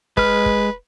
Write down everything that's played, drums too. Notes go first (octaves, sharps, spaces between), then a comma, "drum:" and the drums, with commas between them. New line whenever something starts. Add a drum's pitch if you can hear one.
G#3 B4 F6, drum: kick
drum: kick